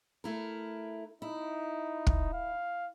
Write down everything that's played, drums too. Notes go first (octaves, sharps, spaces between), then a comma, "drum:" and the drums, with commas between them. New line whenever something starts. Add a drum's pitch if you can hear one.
A3 E4 A#4
D#4 E4
drum: kick
F5